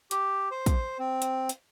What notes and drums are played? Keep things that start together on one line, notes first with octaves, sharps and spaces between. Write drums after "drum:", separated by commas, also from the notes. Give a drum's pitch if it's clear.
G4, drum: hi-hat
C5
drum: kick, hi-hat
C4
drum: hi-hat
drum: hi-hat